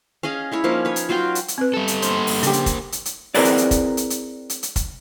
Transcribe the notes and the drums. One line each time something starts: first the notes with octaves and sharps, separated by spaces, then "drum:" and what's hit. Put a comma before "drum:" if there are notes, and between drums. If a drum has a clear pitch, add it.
C#4 G#4 D#5 F5
G#3 E4 C#5
F3 A#3 C#4 D#4
B4 C#5
drum: hi-hat
F#3 F4 F#4 G5
drum: hi-hat
drum: hi-hat
C4 B4
G3 A4
drum: hi-hat
A#3 C5, drum: hi-hat
drum: open hi-hat
C#3 D4 G4, drum: hi-hat
drum: hi-hat
drum: kick, hi-hat
drum: hi-hat
drum: hi-hat
C4 E4 G#4 A#4 B4 D5, drum: open hi-hat
drum: hi-hat
drum: hi-hat
drum: kick, hi-hat
drum: hi-hat
drum: hi-hat
drum: hi-hat
drum: hi-hat
drum: kick, hi-hat